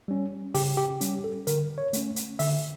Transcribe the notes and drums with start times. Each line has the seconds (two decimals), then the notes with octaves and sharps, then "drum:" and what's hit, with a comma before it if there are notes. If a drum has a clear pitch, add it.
0.08 G3 C#4
0.55 C#3 G4, drum: open hi-hat
0.77 G4
1.01 G3 C#4, drum: hi-hat
1.24 A4
1.47 D3 A#4, drum: hi-hat
1.78 C#5
1.93 A3 C#4, drum: hi-hat
2.16 drum: hi-hat
2.39 D3 E5, drum: open hi-hat